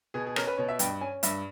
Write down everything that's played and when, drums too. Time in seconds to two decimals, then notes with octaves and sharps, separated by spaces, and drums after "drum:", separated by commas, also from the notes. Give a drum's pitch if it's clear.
0.14 B2 G#4
0.27 G#4
0.36 C#4 A#4, drum: rim click
0.47 B4
0.58 B2 C#5
0.68 E5
0.79 G2 G5, drum: hi-hat
1.01 C#4 G#5
1.23 G2 E5, drum: hi-hat